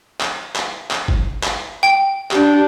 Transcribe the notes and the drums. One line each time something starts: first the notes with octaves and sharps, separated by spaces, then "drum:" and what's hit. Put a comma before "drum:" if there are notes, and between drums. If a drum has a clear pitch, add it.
drum: clap
drum: clap
drum: clap
drum: kick G1
drum: clap
G5
D4 G4, drum: clap